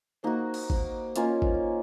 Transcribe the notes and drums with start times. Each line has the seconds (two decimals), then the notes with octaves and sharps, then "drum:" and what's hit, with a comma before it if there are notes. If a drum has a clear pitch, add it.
0.23 A#3 D#4 F#4 C5
0.54 drum: cymbal
0.70 C5, drum: kick G#1
1.16 A#3 C#4 F4 D#5, drum: hi-hat
1.29 C#5
1.42 C5, drum: kick G#1
1.55 C#5